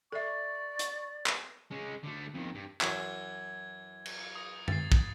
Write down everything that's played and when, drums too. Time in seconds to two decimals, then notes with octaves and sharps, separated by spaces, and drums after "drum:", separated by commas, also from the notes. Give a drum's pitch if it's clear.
0.12 A4 D5 E5 C#6
0.79 drum: hi-hat
1.26 drum: clap
1.71 G#3 C#4
2.04 D3 A3
2.35 F2 D#3
2.55 G2
2.81 F#2 E3 F#3 G#6, drum: clap
4.05 drum: cymbal
4.35 D#6
4.68 A6 C7, drum: tom
4.92 drum: kick